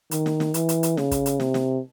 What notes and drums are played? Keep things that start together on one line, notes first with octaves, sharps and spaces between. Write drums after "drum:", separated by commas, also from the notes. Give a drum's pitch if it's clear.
D#3, drum: hi-hat
drum: snare
drum: snare
E3, drum: hi-hat
drum: hi-hat
drum: hi-hat
C#3, drum: snare
drum: kick, hi-hat
drum: hi-hat
C3, drum: snare
drum: snare